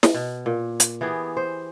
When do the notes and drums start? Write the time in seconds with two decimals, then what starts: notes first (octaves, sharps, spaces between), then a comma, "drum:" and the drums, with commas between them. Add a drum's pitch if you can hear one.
0.03 drum: snare
0.14 B2
0.46 A#2
0.80 drum: hi-hat
1.01 E3 B3 G4 G#4
1.37 C5